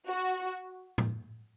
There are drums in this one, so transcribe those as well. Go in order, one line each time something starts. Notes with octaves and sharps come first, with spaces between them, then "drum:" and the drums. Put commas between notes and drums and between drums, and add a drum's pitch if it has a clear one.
F#4
drum: tom A2